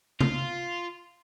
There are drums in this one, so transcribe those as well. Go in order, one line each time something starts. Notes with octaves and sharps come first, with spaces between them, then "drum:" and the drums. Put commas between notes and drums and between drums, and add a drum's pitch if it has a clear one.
F4, drum: tom C3